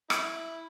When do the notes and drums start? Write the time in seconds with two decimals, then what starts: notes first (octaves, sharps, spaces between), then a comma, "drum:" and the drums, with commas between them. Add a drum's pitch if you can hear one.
0.10 E4, drum: rim click